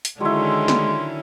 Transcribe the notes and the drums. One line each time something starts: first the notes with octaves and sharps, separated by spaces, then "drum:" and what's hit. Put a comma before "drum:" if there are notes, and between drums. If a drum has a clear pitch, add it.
drum: hi-hat
D3 D#3 F#3 G#3 C#4 E4 C6
drum: snare